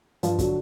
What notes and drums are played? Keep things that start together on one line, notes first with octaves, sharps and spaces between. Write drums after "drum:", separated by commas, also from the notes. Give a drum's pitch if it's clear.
G2 F3 F4, drum: hi-hat
D3 F#3, drum: kick, hi-hat